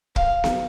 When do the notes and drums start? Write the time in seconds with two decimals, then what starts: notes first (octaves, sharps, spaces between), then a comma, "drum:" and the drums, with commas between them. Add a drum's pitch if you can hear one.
0.16 F5, drum: kick
0.44 drum: snare B3